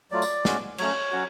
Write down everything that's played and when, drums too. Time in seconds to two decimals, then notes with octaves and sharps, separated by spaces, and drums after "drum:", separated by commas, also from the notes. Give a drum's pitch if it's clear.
0.11 F#3 A3 F4 D5
0.22 drum: tambourine
0.45 G#3 C#4 F#4, drum: snare
0.78 F#3 A3 C#4 C#5, drum: cymbal
1.12 F#3 C#4 F#4